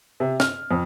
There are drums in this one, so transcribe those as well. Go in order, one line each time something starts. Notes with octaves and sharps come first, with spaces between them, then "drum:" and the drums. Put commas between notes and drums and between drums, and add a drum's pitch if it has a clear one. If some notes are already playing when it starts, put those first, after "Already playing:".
C3
F6, drum: snare
F2